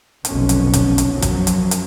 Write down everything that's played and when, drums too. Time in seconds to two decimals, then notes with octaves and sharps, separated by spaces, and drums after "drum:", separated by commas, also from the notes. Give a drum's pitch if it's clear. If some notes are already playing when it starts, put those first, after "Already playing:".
0.25 F1 B1 F2 D3 C#4, drum: hi-hat
0.49 drum: hi-hat
0.74 drum: kick, hi-hat
0.98 drum: hi-hat
1.11 F#2 F3 F#3
1.22 drum: kick, hi-hat
1.47 drum: hi-hat
1.71 drum: hi-hat